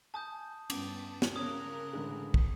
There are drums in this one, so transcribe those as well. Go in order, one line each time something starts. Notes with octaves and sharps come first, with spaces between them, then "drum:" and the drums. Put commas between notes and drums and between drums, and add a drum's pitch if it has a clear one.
G#5 A5 D#6 G6
G2 B3 C#4 A5 D6 D7, drum: cymbal
drum: snare
C#3 A#4 C#5 D#6 F#6 G#6
A1 D3 G#3
drum: kick